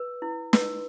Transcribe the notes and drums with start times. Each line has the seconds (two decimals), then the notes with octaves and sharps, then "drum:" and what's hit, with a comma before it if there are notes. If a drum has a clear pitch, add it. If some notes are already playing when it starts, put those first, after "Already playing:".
Already playing: B4
0.22 E4
0.53 B4, drum: snare